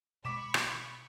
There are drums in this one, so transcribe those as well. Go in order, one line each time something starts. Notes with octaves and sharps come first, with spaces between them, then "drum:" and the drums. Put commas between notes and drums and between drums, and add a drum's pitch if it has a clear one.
B2 G#3 B5 C#6 D6 B6 E7
drum: rim click